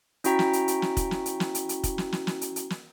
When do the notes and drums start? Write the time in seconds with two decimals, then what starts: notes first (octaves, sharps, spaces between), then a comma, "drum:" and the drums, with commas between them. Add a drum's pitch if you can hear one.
0.24 C#4 E4 F#4 G5 A#5 B6, drum: hi-hat
0.39 drum: snare
0.53 drum: hi-hat
0.68 drum: hi-hat
0.82 drum: snare
0.97 drum: kick, hi-hat
1.11 drum: snare
1.26 drum: hi-hat
1.40 drum: snare
1.55 drum: hi-hat
1.69 drum: hi-hat
1.84 drum: kick, hi-hat
1.98 drum: snare
2.12 drum: snare
2.27 drum: snare
2.41 drum: hi-hat
2.56 drum: hi-hat
2.70 drum: snare